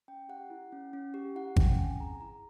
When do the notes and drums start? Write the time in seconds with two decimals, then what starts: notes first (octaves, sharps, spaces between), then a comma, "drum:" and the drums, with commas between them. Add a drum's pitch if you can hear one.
0.08 C#4 G5
0.29 G4 F#5
0.50 E4
0.72 C#4
0.93 C#4
1.14 G4
1.35 E4 F#5
1.56 C#4 G5, drum: kick G#1
1.79 C4 G#5
2.00 G#4 A#5
2.21 E4 A#5